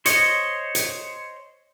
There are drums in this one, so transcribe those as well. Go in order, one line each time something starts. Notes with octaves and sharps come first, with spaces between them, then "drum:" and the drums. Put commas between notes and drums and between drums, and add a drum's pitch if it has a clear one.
C5 C#5 D#5, drum: hi-hat
drum: hi-hat